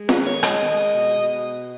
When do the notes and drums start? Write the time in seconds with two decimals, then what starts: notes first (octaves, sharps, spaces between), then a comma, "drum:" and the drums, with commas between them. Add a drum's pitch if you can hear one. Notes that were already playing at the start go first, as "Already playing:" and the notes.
Already playing: G#3
0.09 B4, drum: snare
0.17 D#3
0.25 C#5
0.43 G#3 D#5, drum: rim click
0.68 G#3
0.94 B2
1.20 B2